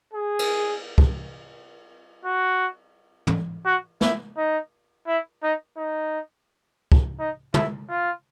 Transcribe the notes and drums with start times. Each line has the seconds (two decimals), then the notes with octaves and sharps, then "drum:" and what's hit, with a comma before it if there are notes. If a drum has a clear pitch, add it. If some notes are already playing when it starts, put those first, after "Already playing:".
0.13 G#4
0.39 drum: cymbal
0.98 drum: kick
2.25 F#4
3.27 drum: tom
3.65 F#4
4.01 E4, drum: snare
4.37 D#4
5.07 E4
5.43 D#4
5.77 D#4
6.92 drum: kick
7.19 D#4
7.54 E4, drum: tom
7.89 F4